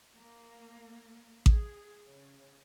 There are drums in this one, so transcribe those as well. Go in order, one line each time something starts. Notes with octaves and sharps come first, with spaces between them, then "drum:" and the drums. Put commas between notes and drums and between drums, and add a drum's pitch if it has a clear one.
A#3
G#4, drum: kick A1
C#3